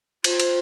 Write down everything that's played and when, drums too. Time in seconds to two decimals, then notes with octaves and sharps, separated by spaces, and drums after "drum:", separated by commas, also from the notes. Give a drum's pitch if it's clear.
0.24 F4 C5, drum: cymbal
0.40 C5, drum: cymbal